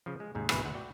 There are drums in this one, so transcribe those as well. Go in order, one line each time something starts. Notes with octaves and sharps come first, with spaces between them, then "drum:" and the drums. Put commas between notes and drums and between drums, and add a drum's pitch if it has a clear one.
C#3 F3
G#3
D#2 G#2 C3
G#1 D2 B2 E4 G#4 B4, drum: rim click
D2 F#5
F#4 D5 G5